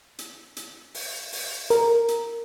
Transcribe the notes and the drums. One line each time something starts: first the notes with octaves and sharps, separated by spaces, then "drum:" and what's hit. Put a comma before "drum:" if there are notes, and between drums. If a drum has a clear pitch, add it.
drum: hi-hat
drum: hi-hat
drum: open hi-hat
drum: open hi-hat
A#4, drum: hi-hat
drum: hi-hat